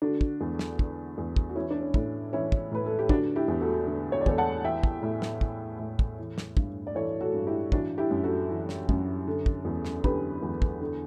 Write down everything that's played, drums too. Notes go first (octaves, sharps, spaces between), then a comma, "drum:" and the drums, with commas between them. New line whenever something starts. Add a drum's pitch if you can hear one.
D3 D4 F#4
drum: kick
E2
drum: snare
D3, drum: kick
E2
drum: kick
F#4
E3 C#4 E4
D4
C#4
A2, drum: kick
E3 C#4 E4
drum: kick
A2 B4
A4
G4
D3 D4 F#4, drum: kick
E4 G4
E2
F#4 A4
D3
C#5
D5
E2 A4 C#5, drum: kick
F#5 A5
E3 E5 G5
drum: kick
A2
drum: snare
E3, drum: kick
A2
drum: kick
E3
drum: snare
G2, drum: kick
D5
E3 A4 C#5
F#4 A4
G2
E4 G4
E3 D4 F#4, drum: kick
E4 G4
F#2
F#4 A4
E3
drum: snare
F#2, drum: kick
D3
drum: kick
E2
drum: snare
D3 G4 B4, drum: kick
E2
drum: kick
D3